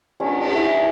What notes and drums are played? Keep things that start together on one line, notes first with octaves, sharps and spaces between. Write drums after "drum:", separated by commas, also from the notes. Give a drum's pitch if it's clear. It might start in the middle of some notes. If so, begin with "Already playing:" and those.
C#4, drum: cymbal
drum: cymbal
A4
E4